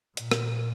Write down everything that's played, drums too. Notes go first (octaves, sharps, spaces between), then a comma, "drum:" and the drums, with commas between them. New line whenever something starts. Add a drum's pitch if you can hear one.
A#2, drum: hi-hat
drum: rim click